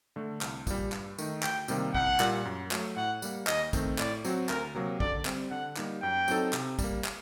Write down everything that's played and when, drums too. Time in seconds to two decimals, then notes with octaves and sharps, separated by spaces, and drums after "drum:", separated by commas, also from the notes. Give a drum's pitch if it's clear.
0.16 D3 A3
0.41 C2, drum: clap
0.67 A#2 G3, drum: kick, tambourine
0.92 G2, drum: clap
1.18 D#3 A3 D#4, drum: tambourine
1.43 D2 G5, drum: clap
1.68 C3 D#3 G3 A#3, drum: tambourine
1.94 C2 F#5, drum: kick
2.20 A#2 G3 A#3, drum: clap
2.45 F#2
2.71 F#3 A3, drum: clap
2.96 A2 F#5
3.22 G3 A#3, drum: tambourine
3.47 D#2 D#5, drum: clap
3.73 D#3 A3 C4, drum: kick, tambourine
3.98 A2 D5, drum: clap
4.25 F#3 C4 F#4, drum: tambourine
4.49 D2 A#4, drum: clap
4.75 C3 F#3 A#3
5.00 D3 D5, drum: kick
5.25 G3 C4, drum: clap
5.51 D3 F#5
5.77 G3 A#3 D#4, drum: clap
6.02 F#2 G5
6.28 F#3 C4 D#4 A4, drum: tambourine
6.53 C3, drum: clap
6.79 G3, drum: kick, tambourine
6.84 A#3
7.04 drum: clap